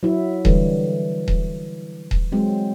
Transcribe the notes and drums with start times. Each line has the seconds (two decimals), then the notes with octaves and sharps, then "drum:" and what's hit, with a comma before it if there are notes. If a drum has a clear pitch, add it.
0.03 F#3 E4
0.45 D3 E3 G3, drum: kick D#1
1.28 drum: kick D#1
2.11 drum: kick D#1
2.32 F#3 G#3 C4